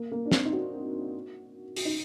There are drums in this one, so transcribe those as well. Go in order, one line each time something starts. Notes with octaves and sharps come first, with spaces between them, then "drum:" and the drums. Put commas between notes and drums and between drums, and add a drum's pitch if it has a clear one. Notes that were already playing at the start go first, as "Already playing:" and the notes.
Already playing: A#3
A#3
D4
C4, drum: snare
D#4
F#4
F#4, drum: open hi-hat
D#4